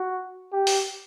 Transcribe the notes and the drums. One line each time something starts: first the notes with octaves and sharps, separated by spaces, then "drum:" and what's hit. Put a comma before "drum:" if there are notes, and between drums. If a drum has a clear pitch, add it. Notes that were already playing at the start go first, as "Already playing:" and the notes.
Already playing: F#4
G4
drum: open hi-hat